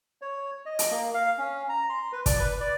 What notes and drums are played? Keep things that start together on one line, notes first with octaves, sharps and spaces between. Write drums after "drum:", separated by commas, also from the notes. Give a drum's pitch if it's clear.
C#5
D#5
drum: hi-hat
A#3
F5
C#4
A#5
C6
B4
D5, drum: kick, hi-hat
B4
D5